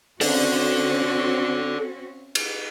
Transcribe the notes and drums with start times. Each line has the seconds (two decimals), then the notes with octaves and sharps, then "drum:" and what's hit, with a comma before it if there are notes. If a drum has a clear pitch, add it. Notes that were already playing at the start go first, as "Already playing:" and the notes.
0.21 C4 C#4 F#4 A4 D5, drum: open hi-hat
2.35 drum: cymbal